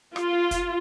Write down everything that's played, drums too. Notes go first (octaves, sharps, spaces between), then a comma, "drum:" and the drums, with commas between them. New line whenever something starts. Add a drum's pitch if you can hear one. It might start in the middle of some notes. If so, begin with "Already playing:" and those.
F4, drum: rim click
drum: kick, hi-hat